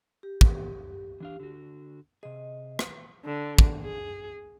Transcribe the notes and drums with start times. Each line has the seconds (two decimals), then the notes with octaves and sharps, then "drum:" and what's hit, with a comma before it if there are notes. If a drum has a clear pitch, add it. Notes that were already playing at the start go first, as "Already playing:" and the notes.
0.23 G4
0.41 drum: kick
1.20 E3 D4 F5
1.40 D3 F#4
2.23 C3 G#4 D#5
2.79 drum: rim click
3.24 D3
3.59 drum: kick
3.81 G#4